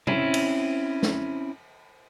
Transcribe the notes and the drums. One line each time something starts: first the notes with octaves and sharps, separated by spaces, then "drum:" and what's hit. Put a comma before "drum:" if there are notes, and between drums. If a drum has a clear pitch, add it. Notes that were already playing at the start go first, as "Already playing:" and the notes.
C4 C#4 E4, drum: tom A#2
drum: cymbal
drum: snare